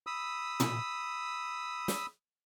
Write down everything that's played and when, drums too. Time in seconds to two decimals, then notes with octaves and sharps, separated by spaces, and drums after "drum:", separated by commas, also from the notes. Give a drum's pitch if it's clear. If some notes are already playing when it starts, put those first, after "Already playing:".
0.07 B5 D#6 E6
0.60 drum: tom
1.88 drum: snare